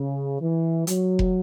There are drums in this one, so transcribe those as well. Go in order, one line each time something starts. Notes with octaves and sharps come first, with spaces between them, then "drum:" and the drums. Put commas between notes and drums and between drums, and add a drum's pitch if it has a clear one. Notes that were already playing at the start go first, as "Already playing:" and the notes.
Already playing: C#3
E3
F#3, drum: hi-hat
drum: kick F1